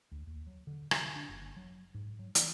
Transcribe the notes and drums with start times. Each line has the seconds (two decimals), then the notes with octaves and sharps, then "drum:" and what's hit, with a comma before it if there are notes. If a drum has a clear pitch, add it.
0.11 D2
0.27 D#2
0.47 F#3
0.67 D3
0.91 D3, drum: rim click
1.16 D4
1.29 F#1
1.56 F#3
1.94 G#2
2.19 F#3
2.35 E3, drum: hi-hat